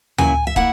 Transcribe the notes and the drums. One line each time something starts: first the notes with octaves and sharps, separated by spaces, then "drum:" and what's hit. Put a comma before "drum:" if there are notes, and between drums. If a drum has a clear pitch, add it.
C#3 F#3 A#3 E4 G#5, drum: tom D2
E5
A#3 E4 F#5, drum: kick